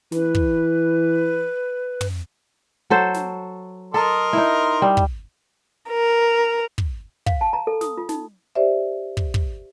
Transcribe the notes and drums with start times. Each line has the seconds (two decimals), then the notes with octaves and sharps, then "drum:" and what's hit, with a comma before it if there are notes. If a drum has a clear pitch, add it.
0.12 E3 B4, drum: snare
0.35 drum: kick
2.01 drum: tom
2.90 F#3 A4 C5
3.14 drum: snare
3.94 A4 A#4 D#5 C6
4.33 D#4 E4
4.82 G3
4.97 drum: kick
5.90 A#4
6.78 drum: kick
7.26 F5, drum: kick
7.41 A5
7.53 A#5
7.67 A4
7.81 D#6, drum: snare
7.97 F4
8.09 D#4, drum: snare
8.55 G4 C5 D5 E5
9.17 drum: kick
9.34 drum: kick